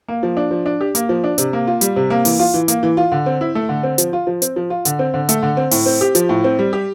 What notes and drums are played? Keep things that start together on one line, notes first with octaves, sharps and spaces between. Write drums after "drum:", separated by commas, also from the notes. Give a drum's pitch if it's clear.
A#3
F3
D4
F3
D4
G4
A#3, drum: hi-hat
F3
D4
C3, drum: hi-hat
A#3
F4
G3, drum: hi-hat
C3
A#3
E3, drum: open hi-hat
F4
E3
A#3, drum: hi-hat
E3
F4
D3
C4
E4
A3
D3
C4
F3, drum: hi-hat
F4
F3
C4, drum: hi-hat
F3
F4
D3, drum: hi-hat
C4
D3
A3, drum: hi-hat
D3
C4
A2, drum: open hi-hat
C4
G4
F3, drum: hi-hat
A2
C4
G3
G4